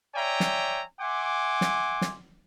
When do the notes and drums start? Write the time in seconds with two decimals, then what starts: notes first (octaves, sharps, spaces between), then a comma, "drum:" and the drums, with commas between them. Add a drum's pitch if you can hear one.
0.15 C#5 D5 E5 G5 G#5 A#5
0.40 drum: snare
1.01 E5 F#5 G#5 C6 D6
1.61 drum: snare
2.01 drum: snare